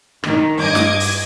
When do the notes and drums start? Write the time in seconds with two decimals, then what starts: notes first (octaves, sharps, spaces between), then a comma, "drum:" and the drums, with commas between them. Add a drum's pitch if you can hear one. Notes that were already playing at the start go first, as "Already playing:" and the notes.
0.24 D#3, drum: rim click
0.60 G2 D#5 D6 G#6
0.75 drum: snare
1.00 drum: open hi-hat